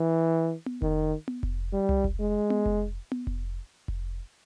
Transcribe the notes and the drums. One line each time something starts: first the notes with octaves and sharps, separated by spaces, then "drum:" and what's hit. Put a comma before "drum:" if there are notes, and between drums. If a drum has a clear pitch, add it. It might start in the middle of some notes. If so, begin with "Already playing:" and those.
Already playing: E3
drum: tom B3
D#3, drum: kick F1
drum: tom B3
drum: kick F1
G3
drum: tom C2
drum: kick F1
G#3
drum: tom B3
drum: kick F1
drum: tom B3
drum: kick F1
drum: kick F1